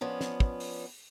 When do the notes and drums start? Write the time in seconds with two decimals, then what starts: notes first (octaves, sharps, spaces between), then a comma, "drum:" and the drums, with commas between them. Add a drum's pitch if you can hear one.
0.01 F3 B3 C#4 D4
0.21 drum: snare
0.40 drum: kick
0.60 drum: open hi-hat